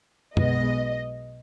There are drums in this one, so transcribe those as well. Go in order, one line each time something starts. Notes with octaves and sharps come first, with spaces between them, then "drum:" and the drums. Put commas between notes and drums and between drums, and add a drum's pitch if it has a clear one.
B1 B2 G#3 B3 D#5, drum: tom